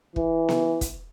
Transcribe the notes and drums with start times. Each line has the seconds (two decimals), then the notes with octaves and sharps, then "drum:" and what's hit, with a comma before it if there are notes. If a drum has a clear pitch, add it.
0.16 E3, drum: kick
0.49 drum: snare B3
0.81 drum: kick, hi-hat